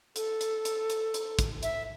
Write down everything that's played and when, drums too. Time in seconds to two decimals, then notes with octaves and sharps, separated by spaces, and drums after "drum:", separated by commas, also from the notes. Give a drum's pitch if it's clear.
0.16 A4, drum: hi-hat
0.41 drum: hi-hat
0.65 drum: hi-hat
0.90 drum: hi-hat
1.14 drum: hi-hat
1.39 drum: kick, hi-hat
1.63 E5, drum: hi-hat